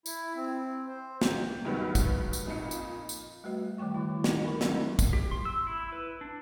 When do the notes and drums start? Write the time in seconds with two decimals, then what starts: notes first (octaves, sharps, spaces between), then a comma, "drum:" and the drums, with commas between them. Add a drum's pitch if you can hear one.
0.06 E4, drum: tambourine
0.35 C4
0.88 C5
1.21 G5, drum: snare
1.65 C#2 G2 D#3 F#3 B3
1.95 drum: kick, tambourine
2.33 drum: tambourine
2.46 F2 A#2 D#4 F4 C#7
2.71 drum: tambourine
3.09 drum: tambourine
3.44 G3 A3 F#4 B4 D#5
3.78 D#3 G3 A3 G5 C#6
3.94 D3 D#3 E4
4.24 D#4, drum: snare
4.44 E4 A#4 B5 C#6
4.61 F#3 A3 C4 D4, drum: snare
4.99 drum: kick, tambourine
5.13 G4
5.31 C6
5.45 E6
5.67 E4
5.92 B4
6.21 D4